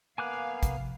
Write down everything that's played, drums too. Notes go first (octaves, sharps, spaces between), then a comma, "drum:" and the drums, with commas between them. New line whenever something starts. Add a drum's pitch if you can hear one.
A#3 B3 F5 G#5 D6 F#6
C3 F3, drum: kick, hi-hat